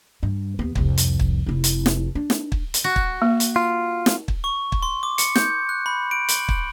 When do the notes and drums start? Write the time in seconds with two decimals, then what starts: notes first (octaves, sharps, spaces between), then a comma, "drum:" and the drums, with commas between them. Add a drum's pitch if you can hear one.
0.23 G2
0.59 D#2 B3
0.75 C2 F2, drum: kick
0.98 drum: hi-hat
1.20 drum: kick
1.46 F1 E4
1.64 drum: hi-hat
1.86 drum: snare
2.15 D4
2.30 drum: snare
2.52 drum: kick
2.74 drum: hi-hat
2.84 F#4
2.96 drum: kick
3.22 A#3
3.40 drum: hi-hat
3.56 F4
4.06 drum: snare
4.28 drum: kick
4.44 C#6
4.72 drum: kick
4.83 C6
5.03 D6
5.18 C#7, drum: hi-hat
5.36 G6, drum: snare
5.69 F#6
5.86 B5
6.11 D7
6.28 F#7, drum: hi-hat
6.49 drum: kick